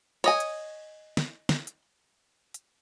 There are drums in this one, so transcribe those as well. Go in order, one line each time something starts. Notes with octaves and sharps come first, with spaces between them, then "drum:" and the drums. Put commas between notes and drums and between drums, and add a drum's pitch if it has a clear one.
C#5 D#5 G#5, drum: cymbal
drum: hi-hat
drum: snare
drum: snare
drum: hi-hat
drum: hi-hat